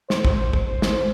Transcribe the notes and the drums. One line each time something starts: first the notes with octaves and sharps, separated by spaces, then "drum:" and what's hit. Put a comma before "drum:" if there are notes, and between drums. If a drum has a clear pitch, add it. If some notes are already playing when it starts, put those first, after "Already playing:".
C5, drum: snare
drum: kick
drum: kick
drum: snare